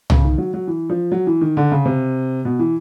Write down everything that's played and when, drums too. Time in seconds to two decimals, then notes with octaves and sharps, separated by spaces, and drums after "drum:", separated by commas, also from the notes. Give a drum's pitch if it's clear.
0.10 C#3, drum: tom C2
0.24 D#3
0.38 F#3
0.54 F#3
0.67 E3
0.90 F3
1.12 F#3
1.27 E3
1.41 D#3
1.57 D3
1.72 C#3
1.86 C3
2.45 B2
2.59 E3